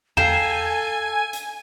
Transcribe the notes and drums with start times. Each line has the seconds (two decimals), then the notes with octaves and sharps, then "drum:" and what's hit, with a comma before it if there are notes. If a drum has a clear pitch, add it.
0.17 A4 F5 G5 G#5 A#5 C7 E7, drum: tom E2
1.33 drum: hi-hat